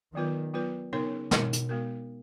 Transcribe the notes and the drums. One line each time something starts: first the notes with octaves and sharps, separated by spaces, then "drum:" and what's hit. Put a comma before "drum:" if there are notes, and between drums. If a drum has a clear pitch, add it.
D#3 F#3 B3 F4 B4
F#3 B3 F4 B4
C#3 B3 D#4 A#4 C#5
B2 B3 D#4 A#4 C#5, drum: snare
drum: hi-hat
G#3 B3 F#4 A#4